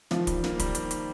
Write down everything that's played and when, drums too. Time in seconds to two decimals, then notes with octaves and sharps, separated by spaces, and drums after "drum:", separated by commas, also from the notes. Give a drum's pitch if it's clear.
0.11 D#3 F3, drum: snare
0.27 G3, drum: kick, hi-hat
0.44 A#3, drum: snare
0.60 G3, drum: kick, hi-hat
0.75 D#3, drum: hi-hat
0.91 drum: hi-hat